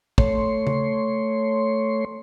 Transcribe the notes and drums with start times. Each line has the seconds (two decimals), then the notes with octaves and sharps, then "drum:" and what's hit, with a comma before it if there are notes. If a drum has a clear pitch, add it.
0.18 A3 C#5 C6, drum: kick
0.67 drum: tom C#3